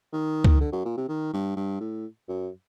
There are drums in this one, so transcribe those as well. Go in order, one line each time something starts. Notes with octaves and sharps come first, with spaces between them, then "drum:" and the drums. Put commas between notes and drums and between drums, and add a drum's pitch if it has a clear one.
D#3
drum: kick C#2
D3
F#2
A#2
C3
D#3
G2
G2
A2
F#2